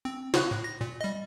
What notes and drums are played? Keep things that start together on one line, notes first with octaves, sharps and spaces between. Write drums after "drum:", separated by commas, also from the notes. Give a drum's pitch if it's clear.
C4
C#3 F#6, drum: snare
A2
A#6
A#2
G3 D#5